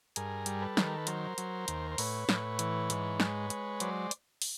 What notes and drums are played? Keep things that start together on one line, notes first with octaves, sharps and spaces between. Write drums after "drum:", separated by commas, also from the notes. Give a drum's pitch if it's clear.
G2 G#4 A#4, drum: hi-hat
G3, drum: hi-hat
A4 B4
D#3, drum: snare
A#4
B4
F#3 A#4 C5, drum: hi-hat
F#3, drum: hi-hat
D#2, drum: hi-hat
C5
A2 B4 C#5, drum: open hi-hat
A2, drum: snare
E3, drum: hi-hat
G#2, drum: hi-hat
G#3, drum: snare
G#3, drum: hi-hat
F#3 C5 D5, drum: hi-hat
drum: hi-hat
drum: open hi-hat